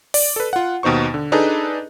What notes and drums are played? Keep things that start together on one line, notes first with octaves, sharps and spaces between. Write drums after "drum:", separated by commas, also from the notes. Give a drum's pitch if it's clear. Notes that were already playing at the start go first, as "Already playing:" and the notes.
D5, drum: open hi-hat
A4 B4
F4 F#5
D#2 B2 D#4 C5 C#6
D3
D4 D#4 G#4 A4 B4 D#5